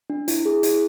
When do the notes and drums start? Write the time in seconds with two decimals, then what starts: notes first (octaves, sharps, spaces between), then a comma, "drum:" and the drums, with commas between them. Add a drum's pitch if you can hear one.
0.10 D4
0.28 E4, drum: hi-hat
0.45 G#4
0.63 E4, drum: hi-hat